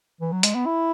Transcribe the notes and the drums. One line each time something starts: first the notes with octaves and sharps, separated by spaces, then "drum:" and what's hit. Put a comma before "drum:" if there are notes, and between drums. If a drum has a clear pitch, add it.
E3
F#3
G#3, drum: hi-hat
B3
E4